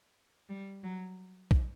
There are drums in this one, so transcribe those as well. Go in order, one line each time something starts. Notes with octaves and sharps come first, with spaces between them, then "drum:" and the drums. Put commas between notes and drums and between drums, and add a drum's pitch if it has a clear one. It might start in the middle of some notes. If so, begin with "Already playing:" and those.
G3
F#3
drum: kick